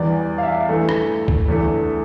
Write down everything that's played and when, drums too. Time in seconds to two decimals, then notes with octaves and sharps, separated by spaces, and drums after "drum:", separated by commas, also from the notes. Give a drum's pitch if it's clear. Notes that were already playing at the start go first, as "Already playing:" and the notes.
Already playing: E2 E3 G3 D5
0.38 F5
0.43 E5
0.69 G2 E3 A3
0.89 drum: rim click
1.28 drum: kick C#2
1.48 E2 D3 A3